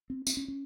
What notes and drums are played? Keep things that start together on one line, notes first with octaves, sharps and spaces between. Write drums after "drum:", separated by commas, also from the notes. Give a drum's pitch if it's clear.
C4
C4, drum: tambourine
C#4
C#4